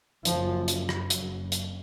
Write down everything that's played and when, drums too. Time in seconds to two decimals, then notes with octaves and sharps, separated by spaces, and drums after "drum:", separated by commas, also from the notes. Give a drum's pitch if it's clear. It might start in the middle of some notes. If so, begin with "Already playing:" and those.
0.25 F#1 F#2 F3, drum: hi-hat
0.68 drum: hi-hat
0.89 drum: rim click
1.10 F#1 F#2 F#3, drum: hi-hat
1.52 drum: hi-hat